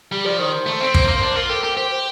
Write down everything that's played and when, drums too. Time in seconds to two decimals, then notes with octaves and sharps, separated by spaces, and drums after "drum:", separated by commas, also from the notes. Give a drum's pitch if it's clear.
0.12 G3 G4
0.25 F3 D5
0.39 D#3 C5
0.66 A3
0.80 C4
0.94 A#3, drum: kick
1.08 A#3
1.21 D4
1.35 F4 A#4
1.49 G4 A4
1.63 G4 A#4
1.77 G4 C5
1.91 C5